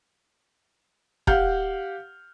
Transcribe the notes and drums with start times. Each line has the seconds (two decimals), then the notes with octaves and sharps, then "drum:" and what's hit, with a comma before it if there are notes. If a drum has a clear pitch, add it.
1.27 G4 F5 F#5 F6 G6, drum: kick E1